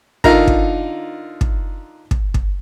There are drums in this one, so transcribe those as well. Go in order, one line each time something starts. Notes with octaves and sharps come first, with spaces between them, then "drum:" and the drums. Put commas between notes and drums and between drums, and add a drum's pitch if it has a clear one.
D3 D#4 F4 A#4 A#5, drum: kick
drum: kick
drum: kick
drum: kick
drum: kick